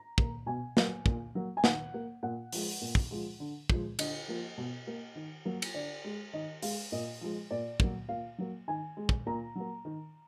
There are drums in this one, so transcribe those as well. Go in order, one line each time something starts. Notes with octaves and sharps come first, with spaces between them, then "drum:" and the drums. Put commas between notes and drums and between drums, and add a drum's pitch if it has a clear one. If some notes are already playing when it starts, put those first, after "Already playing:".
Already playing: A#5
A#3, drum: kick
B2 G#5
F#3 A#3, drum: snare
A#2, drum: kick
F#3 A#3
G#5
D#3 F#5, drum: snare
A#3
A#2 F#5
F3 G#3, drum: open hi-hat
A#2
drum: kick
F3 G#3
D3
F3 G#3, drum: kick
D3 D#5, drum: cymbal
F3 A#3
B2
A#3
D#3
F#3 A#3
drum: cymbal
D3 D5
G#3
D#3 D#5
G#3 F5, drum: open hi-hat
A#2 D#5
F3 G#3
A#2 D5
F#3 A#3, drum: kick
A#2 F5
F#3 A#3
D#3 G#5
G#3
drum: kick
A#2 A#5
F#3 A#3
D#3